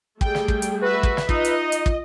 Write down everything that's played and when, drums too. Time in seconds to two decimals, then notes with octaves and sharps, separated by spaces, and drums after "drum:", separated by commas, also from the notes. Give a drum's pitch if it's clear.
0.21 G3 A3 G#4 G5, drum: kick
0.35 drum: snare
0.48 drum: kick
0.62 drum: hi-hat
0.82 F#4 B4 E5
1.03 drum: kick
1.17 drum: snare
1.29 D#4 F4 D#5, drum: kick
1.45 drum: hi-hat
1.72 drum: hi-hat
1.86 drum: kick